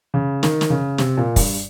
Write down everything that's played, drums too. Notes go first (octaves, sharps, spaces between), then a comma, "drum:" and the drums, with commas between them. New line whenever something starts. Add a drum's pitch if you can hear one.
C#3
D#3, drum: snare
drum: snare
C#3
C3, drum: snare
A#2
G2, drum: kick, open hi-hat